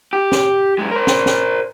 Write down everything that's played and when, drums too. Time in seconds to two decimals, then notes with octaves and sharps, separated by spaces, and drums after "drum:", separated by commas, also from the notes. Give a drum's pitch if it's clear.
0.13 G4
0.32 drum: snare
0.79 F#2 G#3
0.91 A#4 C5
1.07 drum: snare
1.26 drum: snare